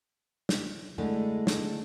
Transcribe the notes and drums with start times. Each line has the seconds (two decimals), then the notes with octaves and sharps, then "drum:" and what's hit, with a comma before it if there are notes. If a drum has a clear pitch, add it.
0.49 drum: snare
0.98 D3 G#3 A3 E4
1.47 drum: snare